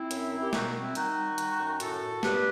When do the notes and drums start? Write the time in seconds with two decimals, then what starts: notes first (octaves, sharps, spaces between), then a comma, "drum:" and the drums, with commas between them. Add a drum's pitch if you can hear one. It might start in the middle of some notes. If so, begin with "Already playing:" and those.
Already playing: C4 E4
0.11 F#2, drum: hi-hat
0.32 D#3
0.43 G4
0.53 B2 D#4 F#4, drum: snare
0.74 G3
0.81 C4 E4
0.95 D#3 D#4 F#4, drum: hi-hat
1.17 G3
1.38 D#3, drum: hi-hat
1.59 F#2
1.80 A2 F#4 A4, drum: hi-hat
2.02 A2
2.23 G2 G4 B4, drum: snare